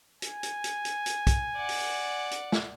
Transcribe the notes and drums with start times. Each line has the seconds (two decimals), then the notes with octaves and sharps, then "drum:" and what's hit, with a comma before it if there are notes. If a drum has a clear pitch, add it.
0.22 G#5, drum: hi-hat
0.43 drum: hi-hat
0.64 drum: hi-hat
0.85 drum: hi-hat
1.06 drum: hi-hat
1.27 drum: kick, hi-hat
1.56 D5 F#5
1.69 drum: open hi-hat
2.31 drum: hi-hat
2.52 drum: snare